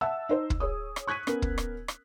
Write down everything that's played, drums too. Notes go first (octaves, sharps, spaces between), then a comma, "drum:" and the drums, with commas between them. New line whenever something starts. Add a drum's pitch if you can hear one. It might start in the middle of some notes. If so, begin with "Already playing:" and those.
E5 F#5 A5 E6
D#4 C5
drum: kick
G#4 C#5 D#6
drum: rim click
C#6 F#6 G#6 B6 D#7
B3 C#4 A#4, drum: rim click
drum: kick
drum: rim click
drum: rim click